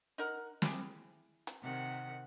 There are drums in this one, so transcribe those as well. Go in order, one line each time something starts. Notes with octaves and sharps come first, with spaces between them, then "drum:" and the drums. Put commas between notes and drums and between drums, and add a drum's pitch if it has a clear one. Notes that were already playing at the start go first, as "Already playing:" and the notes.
D#4 A#4 F#5
E4 G4 G#4, drum: snare
drum: hi-hat
C3 D#3 F#5